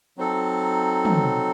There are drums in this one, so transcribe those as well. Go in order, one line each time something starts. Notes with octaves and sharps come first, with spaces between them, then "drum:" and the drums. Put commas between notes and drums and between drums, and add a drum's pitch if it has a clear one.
F#3 C4 D#4 A4
drum: tom